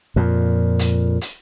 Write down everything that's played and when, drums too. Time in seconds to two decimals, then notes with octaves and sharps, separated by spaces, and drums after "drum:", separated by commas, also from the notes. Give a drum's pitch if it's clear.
0.16 F2 A#2
0.79 drum: hi-hat
1.21 drum: hi-hat